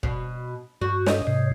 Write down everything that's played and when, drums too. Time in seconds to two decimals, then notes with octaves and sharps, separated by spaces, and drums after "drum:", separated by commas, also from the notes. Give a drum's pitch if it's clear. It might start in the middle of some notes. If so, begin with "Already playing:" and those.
0.03 B2, drum: kick
0.81 G2 F#4
1.06 C#5 D#5, drum: snare
1.27 G#2 C3